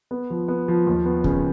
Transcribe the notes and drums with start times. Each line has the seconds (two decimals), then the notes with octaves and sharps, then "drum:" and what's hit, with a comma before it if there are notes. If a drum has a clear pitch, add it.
0.11 B3
0.30 F3
0.48 B3
0.68 F3
0.87 D#2
1.06 B3
1.24 C#3, drum: kick C#2